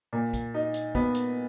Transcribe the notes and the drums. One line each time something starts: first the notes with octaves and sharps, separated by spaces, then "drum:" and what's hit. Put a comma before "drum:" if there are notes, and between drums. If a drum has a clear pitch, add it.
A#2
drum: kick, hi-hat
D#4
drum: hi-hat
B3, drum: kick
drum: hi-hat